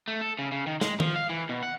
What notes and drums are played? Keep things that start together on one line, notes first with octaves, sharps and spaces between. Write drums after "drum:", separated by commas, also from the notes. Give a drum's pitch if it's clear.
A3
A4
C#3
C#3
D#3
G#3, drum: snare
F3, drum: tom D#3
F5
E3
B2
F#5